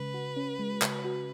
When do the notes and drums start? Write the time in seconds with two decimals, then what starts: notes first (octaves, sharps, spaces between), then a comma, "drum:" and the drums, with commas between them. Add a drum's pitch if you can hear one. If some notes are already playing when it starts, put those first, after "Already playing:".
Already playing: C#3 G#3 B4
0.14 F#4
0.37 C#4
0.59 G#3
0.82 C#3, drum: clap
1.05 F#4